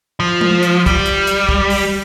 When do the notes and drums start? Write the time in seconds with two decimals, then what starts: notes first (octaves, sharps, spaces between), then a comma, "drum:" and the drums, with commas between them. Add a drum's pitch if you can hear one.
0.20 F3
0.41 drum: tom G#3
0.63 drum: hi-hat
0.86 G3, drum: kick, hi-hat
1.06 drum: hi-hat
1.27 drum: hi-hat
1.49 drum: kick
1.70 drum: open hi-hat